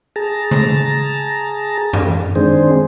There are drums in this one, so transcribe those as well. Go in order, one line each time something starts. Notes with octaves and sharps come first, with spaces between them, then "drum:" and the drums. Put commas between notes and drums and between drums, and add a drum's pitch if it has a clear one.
G#4 A5 A#5
drum: tom C#3
drum: tom F#2
D#3 G#3 C4 D4 G#4 C5